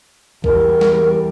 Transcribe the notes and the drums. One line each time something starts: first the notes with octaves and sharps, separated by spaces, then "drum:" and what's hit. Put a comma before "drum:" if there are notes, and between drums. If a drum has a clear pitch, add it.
E2 G3 A#4, drum: kick A#1
drum: snare